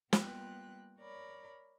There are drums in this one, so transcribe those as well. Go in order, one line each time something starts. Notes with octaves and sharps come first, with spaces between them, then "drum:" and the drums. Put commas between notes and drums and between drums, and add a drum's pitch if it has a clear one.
G3 A#3 B3 F4 G5 F#6, drum: snare
A#4 C#5 D5 B5